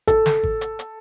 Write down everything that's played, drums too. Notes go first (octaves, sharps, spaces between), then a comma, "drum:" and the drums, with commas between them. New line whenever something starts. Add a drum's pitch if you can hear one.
A4, drum: kick G#1, hi-hat
drum: snare
drum: kick G#1
drum: hi-hat
drum: hi-hat